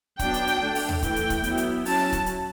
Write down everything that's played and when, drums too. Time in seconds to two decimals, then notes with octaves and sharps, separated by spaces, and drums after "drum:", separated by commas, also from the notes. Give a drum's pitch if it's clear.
0.19 F#3 B3 D4 G5, drum: kick, hi-hat
0.34 drum: hi-hat
0.47 drum: hi-hat
0.61 D3 A3 D4
0.75 drum: open hi-hat
0.89 drum: tom D#2
1.03 E3 A3 E4 G5, drum: kick, hi-hat
1.16 drum: hi-hat
1.30 drum: kick, hi-hat
1.43 F#3 B3 E4, drum: hi-hat
1.57 drum: hi-hat
1.85 F#3 C#4 E4 A5, drum: open hi-hat
2.12 drum: kick, hi-hat
2.26 drum: hi-hat